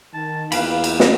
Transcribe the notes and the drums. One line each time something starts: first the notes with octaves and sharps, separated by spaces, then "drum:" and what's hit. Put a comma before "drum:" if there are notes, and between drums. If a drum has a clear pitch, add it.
D#3 A5
E2 A#3 B4 F5 G5 B5, drum: cymbal
drum: cymbal
drum: snare